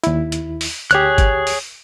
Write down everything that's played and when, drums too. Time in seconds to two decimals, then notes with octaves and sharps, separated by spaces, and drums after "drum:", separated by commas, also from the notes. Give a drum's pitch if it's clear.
0.04 D#2 E4, drum: hi-hat
0.32 drum: hi-hat
0.61 drum: open hi-hat
0.91 D2 G4 G#4 C#5 F#6, drum: hi-hat
1.18 drum: kick G#1, hi-hat
1.47 drum: open hi-hat